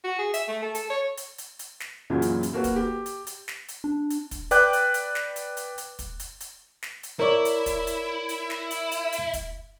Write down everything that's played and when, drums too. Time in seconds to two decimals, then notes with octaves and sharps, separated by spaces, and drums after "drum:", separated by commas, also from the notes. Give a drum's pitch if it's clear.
0.04 F#4
0.19 G#4
0.34 E5, drum: hi-hat
0.48 A3
0.63 A4
0.75 A4, drum: hi-hat
0.90 C#5
1.18 drum: hi-hat
1.38 drum: hi-hat
1.59 drum: hi-hat
1.80 drum: snare
2.10 F#2 A#2 C#3 E3 F#3
2.22 drum: hi-hat
2.43 drum: hi-hat
2.53 A#3 F#4 A4 B4
2.64 drum: kick, hi-hat
2.76 G4
3.06 drum: hi-hat
3.27 drum: hi-hat
3.48 drum: snare
3.69 drum: hi-hat
3.84 D4
4.10 drum: hi-hat
4.31 drum: kick, hi-hat
4.51 B4 D5 G5 D6 F#6 G6, drum: hi-hat
4.73 drum: hi-hat
4.94 drum: hi-hat
5.15 drum: snare
5.36 drum: hi-hat
5.57 drum: hi-hat
5.78 drum: hi-hat
5.99 drum: kick, hi-hat
6.20 drum: hi-hat
6.41 drum: hi-hat
6.82 drum: snare
7.03 drum: hi-hat
7.20 E4 A#4 C#5 D5
7.45 drum: hi-hat
7.66 drum: kick, hi-hat
7.87 drum: hi-hat
8.29 drum: hi-hat
8.50 drum: snare
8.71 drum: hi-hat
8.92 drum: hi-hat
9.13 drum: hi-hat
9.34 drum: kick, hi-hat